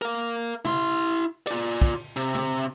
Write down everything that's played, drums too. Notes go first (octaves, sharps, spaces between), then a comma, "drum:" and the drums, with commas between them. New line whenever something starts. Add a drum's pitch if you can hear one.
A#4 F5
E4 C6, drum: tom C3
F4 D5, drum: cymbal
drum: kick
C3, drum: hi-hat
drum: tom C3